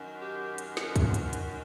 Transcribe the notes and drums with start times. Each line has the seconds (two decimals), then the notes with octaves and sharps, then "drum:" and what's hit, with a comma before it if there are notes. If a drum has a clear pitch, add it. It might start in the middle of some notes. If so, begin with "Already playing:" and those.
Already playing: F#2 D#3
0.21 G4
0.58 drum: hi-hat
0.77 drum: snare
0.96 drum: kick, hi-hat
1.14 drum: hi-hat
1.33 drum: hi-hat